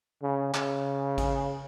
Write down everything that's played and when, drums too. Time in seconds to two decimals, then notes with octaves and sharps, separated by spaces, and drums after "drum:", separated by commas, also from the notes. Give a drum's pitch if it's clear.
0.22 C#3
0.54 C#3, drum: clap
1.18 drum: kick, cymbal